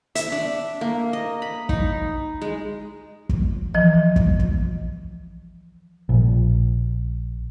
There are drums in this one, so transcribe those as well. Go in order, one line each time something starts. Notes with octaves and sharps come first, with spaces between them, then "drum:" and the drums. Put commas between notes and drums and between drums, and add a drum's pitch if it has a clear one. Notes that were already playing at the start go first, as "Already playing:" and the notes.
E5, drum: hi-hat
D4
A#3
D#5
B5
D#4, drum: kick
G#3
drum: kick
E3 F3 D#5
drum: kick
drum: kick
A#1